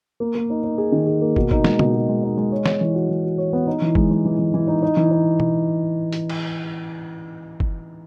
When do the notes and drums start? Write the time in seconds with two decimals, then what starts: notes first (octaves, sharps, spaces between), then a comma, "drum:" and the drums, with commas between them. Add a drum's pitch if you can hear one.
0.20 A#3
0.35 A#3
0.50 D#4
0.64 D#4
0.78 G#4
0.92 D#3
1.07 G#4
1.22 A#3
1.36 B2, drum: kick
1.51 D#4, drum: kick
1.64 G#3, drum: snare
1.79 B2, drum: tom
1.93 B2
2.09 G#3
2.23 D#4
2.37 G#3
2.52 C#5
2.66 C#5, drum: snare
2.81 E3
2.95 F#4
3.09 E3
3.24 F#4
3.38 C#5
3.53 B3
3.67 D#4
3.82 E3
3.95 G#3, drum: kick
4.11 G#3
4.25 E3
4.39 E3
4.54 E3
4.68 D#4
4.82 D#4
4.97 E3
5.11 D#4
5.40 drum: tom B2
6.13 drum: hi-hat
6.30 drum: cymbal
7.60 drum: kick